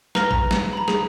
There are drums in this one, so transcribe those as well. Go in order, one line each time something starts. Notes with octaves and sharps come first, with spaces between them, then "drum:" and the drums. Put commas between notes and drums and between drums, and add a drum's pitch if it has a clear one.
B4 A#5 F6 A#6 G7, drum: snare
A#5, drum: kick A1
drum: snare
A#5 B5
G#4, drum: snare